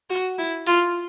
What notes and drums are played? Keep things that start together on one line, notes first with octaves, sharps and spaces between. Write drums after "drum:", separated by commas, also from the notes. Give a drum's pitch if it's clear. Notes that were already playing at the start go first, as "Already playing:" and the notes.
F#4
E4
F4, drum: open hi-hat